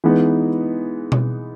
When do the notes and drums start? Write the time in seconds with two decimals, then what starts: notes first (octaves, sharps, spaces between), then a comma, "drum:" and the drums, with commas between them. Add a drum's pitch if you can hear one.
0.04 E3 G#3 B3 D#4
1.12 drum: tom B2